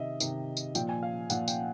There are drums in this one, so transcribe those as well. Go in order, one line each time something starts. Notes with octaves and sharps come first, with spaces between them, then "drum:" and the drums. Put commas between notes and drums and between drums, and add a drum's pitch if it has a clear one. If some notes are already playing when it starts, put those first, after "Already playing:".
Already playing: C3 D#3 D#5 E5
C3 D#3, drum: tambourine
drum: tambourine
A#2 F3 G5, drum: tambourine
G#5
F5
A#2 F3 F#5, drum: tambourine
G5, drum: tambourine